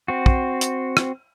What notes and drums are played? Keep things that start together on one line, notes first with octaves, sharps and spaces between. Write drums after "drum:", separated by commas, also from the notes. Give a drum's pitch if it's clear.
C4 F#4
drum: kick
drum: hi-hat
drum: rim click